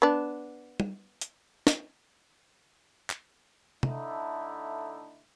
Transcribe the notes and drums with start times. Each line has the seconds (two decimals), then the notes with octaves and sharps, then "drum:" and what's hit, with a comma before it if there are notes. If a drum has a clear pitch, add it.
0.02 B3 D4
0.80 drum: tom
1.21 drum: hi-hat
1.67 drum: snare
3.10 drum: clap
3.83 D3 A3 D#4 E4, drum: tom